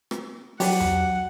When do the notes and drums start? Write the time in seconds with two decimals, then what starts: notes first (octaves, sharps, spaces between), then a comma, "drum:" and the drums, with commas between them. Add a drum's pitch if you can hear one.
0.11 drum: rim click
0.60 F#3 D4 G4 F#5, drum: open hi-hat
0.80 drum: tom E2